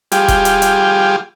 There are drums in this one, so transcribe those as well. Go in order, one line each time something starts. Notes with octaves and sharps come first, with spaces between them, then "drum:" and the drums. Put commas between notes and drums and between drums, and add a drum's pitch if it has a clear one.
G3 F4 G4 G#4, drum: hi-hat
drum: kick E1, hi-hat
drum: hi-hat
drum: hi-hat